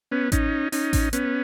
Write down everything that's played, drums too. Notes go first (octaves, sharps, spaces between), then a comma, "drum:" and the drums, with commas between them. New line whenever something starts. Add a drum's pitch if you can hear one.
B3 C#4
C#4 D#4, drum: kick A1, hi-hat
C#4 D#4, drum: open hi-hat
drum: kick A1, open hi-hat
B3 C#4, drum: hi-hat